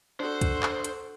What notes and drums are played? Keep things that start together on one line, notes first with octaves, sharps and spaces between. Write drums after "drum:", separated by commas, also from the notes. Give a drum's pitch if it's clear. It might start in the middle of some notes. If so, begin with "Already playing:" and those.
D4 F#4 A4 C5
drum: kick, hi-hat
drum: clap
drum: hi-hat